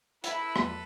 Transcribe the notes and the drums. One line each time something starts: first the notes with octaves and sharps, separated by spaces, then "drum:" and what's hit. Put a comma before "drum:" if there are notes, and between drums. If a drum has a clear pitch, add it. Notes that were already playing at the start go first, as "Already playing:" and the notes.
E4 A4 B4, drum: hi-hat
drum: rim click